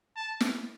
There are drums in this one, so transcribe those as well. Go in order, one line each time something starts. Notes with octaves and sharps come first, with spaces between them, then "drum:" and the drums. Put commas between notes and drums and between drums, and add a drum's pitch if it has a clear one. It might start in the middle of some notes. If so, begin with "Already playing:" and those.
A5
drum: snare